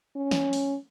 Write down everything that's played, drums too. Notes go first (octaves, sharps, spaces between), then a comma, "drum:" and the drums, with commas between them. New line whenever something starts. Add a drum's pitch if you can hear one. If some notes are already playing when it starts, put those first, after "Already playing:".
C#4
drum: snare
drum: open hi-hat